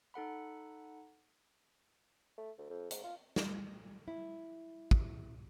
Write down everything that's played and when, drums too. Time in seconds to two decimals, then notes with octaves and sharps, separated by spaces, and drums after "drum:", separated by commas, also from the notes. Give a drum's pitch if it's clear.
0.14 D#4 A4 F#5 B5
2.38 A3
2.58 D2
2.70 F2
2.91 G#2, drum: hi-hat
3.04 F4
3.36 drum: snare
4.08 E4
4.91 drum: kick